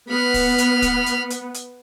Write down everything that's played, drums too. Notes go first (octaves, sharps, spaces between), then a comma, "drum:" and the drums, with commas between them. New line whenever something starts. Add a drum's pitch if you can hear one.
B3 B5 F6
drum: kick, open hi-hat
drum: hi-hat
drum: kick, hi-hat
drum: hi-hat
drum: hi-hat
drum: hi-hat